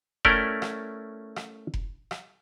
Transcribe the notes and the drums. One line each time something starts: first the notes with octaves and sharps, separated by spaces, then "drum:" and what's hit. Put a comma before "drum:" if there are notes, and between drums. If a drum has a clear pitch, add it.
A3 C#4 E4 A#4 D5 G5, drum: kick F1
drum: rim click
drum: rim click
drum: kick F1
drum: rim click